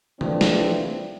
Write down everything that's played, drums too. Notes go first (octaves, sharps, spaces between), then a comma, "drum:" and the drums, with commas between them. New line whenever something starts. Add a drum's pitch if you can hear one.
E3 F3 A3 C4 D4, drum: tom C3
drum: snare